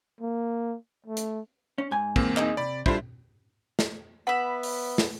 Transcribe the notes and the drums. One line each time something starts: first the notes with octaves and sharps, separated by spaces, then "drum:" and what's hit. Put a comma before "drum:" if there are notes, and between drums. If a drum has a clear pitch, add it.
A#3
A3
drum: hi-hat
C#4
G#2 G#5
E2 A#3 C4, drum: kick
D#4 G#4 D#5, drum: clap
C3 D5 B5
G3 D4 E4 F4 A4 C5, drum: kick
drum: snare
B3 E5 F#5 B5
drum: open hi-hat
drum: snare